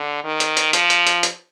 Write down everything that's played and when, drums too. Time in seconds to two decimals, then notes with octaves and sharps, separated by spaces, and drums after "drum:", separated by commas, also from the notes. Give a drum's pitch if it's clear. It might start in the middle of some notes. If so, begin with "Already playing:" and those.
Already playing: D3
0.24 D#3
0.40 drum: hi-hat
0.57 drum: hi-hat
0.73 F3, drum: hi-hat
0.90 drum: hi-hat
1.07 drum: hi-hat
1.23 drum: hi-hat